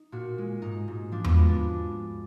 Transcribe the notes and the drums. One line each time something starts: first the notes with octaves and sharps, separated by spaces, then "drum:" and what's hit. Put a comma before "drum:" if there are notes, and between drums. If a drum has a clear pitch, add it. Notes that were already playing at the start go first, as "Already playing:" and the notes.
Already playing: D#4
A#2 F#4
G#3
G#2 D#4
G#2
F3 D4
B3, drum: tom E2
G#3 B3
D4